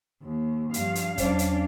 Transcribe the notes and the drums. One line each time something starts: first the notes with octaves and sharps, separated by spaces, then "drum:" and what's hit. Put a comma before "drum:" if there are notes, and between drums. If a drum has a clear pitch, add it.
D#2
G2 F3 F5, drum: hi-hat
drum: hi-hat
E2 F#3 C#4 D4 C5, drum: kick, hi-hat
drum: hi-hat